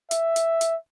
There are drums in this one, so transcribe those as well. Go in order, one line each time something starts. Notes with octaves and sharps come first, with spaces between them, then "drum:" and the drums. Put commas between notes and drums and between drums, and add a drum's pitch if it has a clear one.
E5, drum: hi-hat
drum: hi-hat
drum: hi-hat